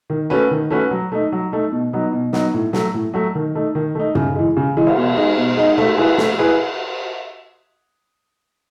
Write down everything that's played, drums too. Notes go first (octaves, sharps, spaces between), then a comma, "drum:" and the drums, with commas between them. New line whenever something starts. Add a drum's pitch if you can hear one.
D#3
A3 C#4 F#4 B4
D#3
A3 C#4 F#4 B4
F#3
A3 D#4
F#3
A3 D#4
B2
F#3 B3 D#4
B2
F#3 B3 D#4, drum: snare
A2
F#3 A3, drum: snare
A2
F#3 A3
D#3
A3 D#4
D#3
A3 D#4
C#3, drum: tom
E3 G#3
C#3
E3 G#3
drum: cymbal
B2
G#3 D#4
B2
G#3 D#4
A3, drum: cymbal
E4 G#4 B4
A3, drum: snare
E4 G#4 B4